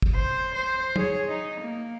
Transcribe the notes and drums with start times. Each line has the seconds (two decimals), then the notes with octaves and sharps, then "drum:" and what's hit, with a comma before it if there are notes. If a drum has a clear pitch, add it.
0.02 drum: kick
0.16 C5
0.55 C5
0.96 G#4 C#5, drum: tom
1.28 D#4
1.61 A#3